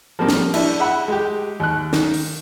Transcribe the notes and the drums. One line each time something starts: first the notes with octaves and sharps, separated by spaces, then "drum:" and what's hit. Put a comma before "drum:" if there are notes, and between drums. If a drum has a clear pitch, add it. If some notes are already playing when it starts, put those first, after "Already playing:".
F3 G3 A#3 C4
drum: snare
D4 E4, drum: cymbal
E5 F#5 B5
G#3 G4
D#2 F#6
D#3, drum: snare
drum: open hi-hat